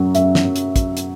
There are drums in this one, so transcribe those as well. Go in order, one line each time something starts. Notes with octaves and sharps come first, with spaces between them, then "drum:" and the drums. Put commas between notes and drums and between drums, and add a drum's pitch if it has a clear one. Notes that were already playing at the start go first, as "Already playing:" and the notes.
Already playing: F#2 F#3
F#2 E5, drum: hi-hat
drum: snare
F#2
drum: hi-hat
F#2, drum: kick, hi-hat
drum: hi-hat